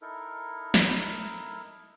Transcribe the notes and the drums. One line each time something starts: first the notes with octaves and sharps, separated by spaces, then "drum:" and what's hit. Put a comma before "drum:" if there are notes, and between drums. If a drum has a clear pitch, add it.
D#4 E4 A4 A#4
drum: snare